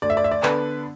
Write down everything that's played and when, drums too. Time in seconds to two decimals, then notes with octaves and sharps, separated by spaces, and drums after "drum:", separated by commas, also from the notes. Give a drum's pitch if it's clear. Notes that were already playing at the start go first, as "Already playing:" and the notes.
0.02 D2 D5
0.10 E5
0.17 D5
0.24 E5
0.31 D5
0.43 D3 B3 D4 B4, drum: clap